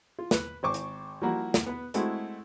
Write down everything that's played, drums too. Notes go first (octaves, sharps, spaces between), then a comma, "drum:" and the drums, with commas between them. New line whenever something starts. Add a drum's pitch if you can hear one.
F4
B4, drum: snare
G#1 C5 C#6 D6
drum: hi-hat
F3 G3 A#3 E4 F#4
drum: snare
B3 B4
G#3 A3 C4 E4 F#4, drum: hi-hat